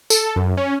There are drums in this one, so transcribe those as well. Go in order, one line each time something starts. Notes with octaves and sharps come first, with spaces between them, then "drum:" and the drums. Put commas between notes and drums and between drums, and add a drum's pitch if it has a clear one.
A4, drum: tambourine
F#2
C#4